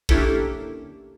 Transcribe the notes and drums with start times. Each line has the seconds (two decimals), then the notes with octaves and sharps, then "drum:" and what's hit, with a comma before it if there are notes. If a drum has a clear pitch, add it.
0.09 A#3 C#4 D4 E4 G4 A4, drum: kick